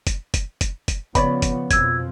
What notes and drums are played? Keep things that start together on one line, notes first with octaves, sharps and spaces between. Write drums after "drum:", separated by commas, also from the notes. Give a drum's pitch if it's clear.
drum: kick, hi-hat
drum: kick, hi-hat
drum: kick, hi-hat
drum: kick, hi-hat
C#3 F3 B3 C#5 D5 B5, drum: kick, hi-hat
drum: kick, hi-hat
F2 B2 F3 E6 G#6, drum: kick, hi-hat